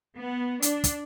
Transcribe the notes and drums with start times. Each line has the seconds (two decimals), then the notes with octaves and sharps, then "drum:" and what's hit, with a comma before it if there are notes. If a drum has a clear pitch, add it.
0.17 B3
0.62 D4, drum: hi-hat
0.84 drum: kick, hi-hat